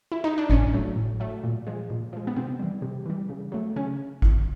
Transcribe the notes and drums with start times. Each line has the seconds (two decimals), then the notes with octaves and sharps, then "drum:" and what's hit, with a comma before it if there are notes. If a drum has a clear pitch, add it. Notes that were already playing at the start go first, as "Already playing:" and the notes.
0.12 E4
0.24 D#4
0.38 D4
0.50 A2 C#4, drum: kick G#1
0.73 F#3 A3
0.96 A2
1.20 F#3 A3
1.43 A#2
1.67 F3 G#3
1.90 A#2
2.13 F3 G#3
2.27 B3
2.36 C3 C4
2.59 E3 G3
2.82 C3
3.06 E3 G3
3.30 C#3
3.52 F#3 A3
3.76 C#3 C#4
4.22 drum: kick G#1